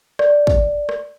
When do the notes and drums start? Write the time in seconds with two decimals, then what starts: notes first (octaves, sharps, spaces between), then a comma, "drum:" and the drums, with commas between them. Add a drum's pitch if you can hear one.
0.19 D5, drum: rim click
0.47 drum: kick
0.89 drum: rim click